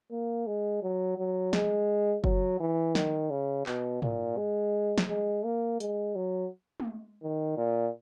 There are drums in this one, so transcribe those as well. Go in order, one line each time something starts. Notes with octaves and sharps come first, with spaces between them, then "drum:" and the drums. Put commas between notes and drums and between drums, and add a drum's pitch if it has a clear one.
A#3
G#3
F#3
F#3
G#3, drum: snare
F#3, drum: kick F#1
E3
D#3, drum: snare
C#3
B2, drum: clap
A#2, drum: tom G#2
G#3
drum: snare
G#3
A#3
G#3, drum: hi-hat
F#3
drum: tom G#3
D#3
A#2